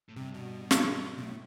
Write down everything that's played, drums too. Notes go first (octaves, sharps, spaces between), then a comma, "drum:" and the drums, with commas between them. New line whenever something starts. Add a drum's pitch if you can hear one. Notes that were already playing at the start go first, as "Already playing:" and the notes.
A2
G2 C3
B2
drum: snare
F#2
B2
A2